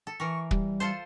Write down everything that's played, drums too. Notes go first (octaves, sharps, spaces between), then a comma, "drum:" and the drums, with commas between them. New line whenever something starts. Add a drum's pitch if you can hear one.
A4
E3 A#4 C#6
G3, drum: kick
F4 A4 C5